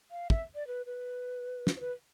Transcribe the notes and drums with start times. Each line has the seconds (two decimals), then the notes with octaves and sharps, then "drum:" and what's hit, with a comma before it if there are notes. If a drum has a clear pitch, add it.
0.11 F5
0.30 E5, drum: kick
0.55 D5
0.67 B4
0.86 B4
1.67 drum: snare
1.77 C5
1.80 B4